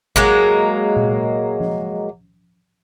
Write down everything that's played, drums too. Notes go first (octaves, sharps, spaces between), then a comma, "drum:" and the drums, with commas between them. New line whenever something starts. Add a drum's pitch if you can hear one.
F#3 G#3 A#3, drum: kick A1
drum: tom A#2
drum: tom F3